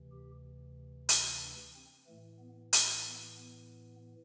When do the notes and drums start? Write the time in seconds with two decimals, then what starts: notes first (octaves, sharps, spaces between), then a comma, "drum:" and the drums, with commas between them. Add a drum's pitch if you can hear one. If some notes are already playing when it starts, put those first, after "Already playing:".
Already playing: D2 C3 E3
0.12 G4
1.09 E4, drum: hi-hat
1.42 D4
1.75 C4
2.07 A2 E3 A3
2.39 B3
2.73 C4, drum: hi-hat
3.05 B3
3.37 B3